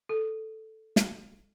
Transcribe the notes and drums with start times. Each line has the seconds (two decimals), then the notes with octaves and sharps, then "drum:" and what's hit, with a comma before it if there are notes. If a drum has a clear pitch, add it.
0.09 A4
0.96 drum: snare